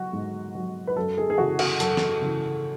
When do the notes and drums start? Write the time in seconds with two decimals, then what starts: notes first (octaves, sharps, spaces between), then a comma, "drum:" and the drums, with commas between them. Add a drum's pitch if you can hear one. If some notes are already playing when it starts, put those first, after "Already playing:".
Already playing: F#3 F#4
0.13 G#2
0.55 F#3
0.87 B4
0.96 F#2 A4
1.18 G#4
1.30 G#4
1.38 C#3 E3 F#4
1.59 F#4, drum: cymbal
1.80 F#2 A4, drum: hi-hat
1.97 drum: snare
2.22 C#3 E3